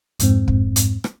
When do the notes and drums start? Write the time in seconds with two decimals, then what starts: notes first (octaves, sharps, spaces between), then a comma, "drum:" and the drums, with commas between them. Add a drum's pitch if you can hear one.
0.19 F2 G#2 C4, drum: hi-hat
0.48 drum: kick
0.76 drum: hi-hat
1.04 drum: rim click